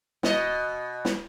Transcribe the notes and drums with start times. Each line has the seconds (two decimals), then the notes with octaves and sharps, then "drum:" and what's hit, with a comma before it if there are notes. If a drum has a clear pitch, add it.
0.23 B2 D#5, drum: snare
1.05 drum: snare